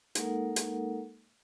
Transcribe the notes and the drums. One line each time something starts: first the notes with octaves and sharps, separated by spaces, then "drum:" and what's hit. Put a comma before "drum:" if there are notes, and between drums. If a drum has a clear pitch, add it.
G#3 A#3 D#4 A4 A#4 F#5, drum: hi-hat
drum: hi-hat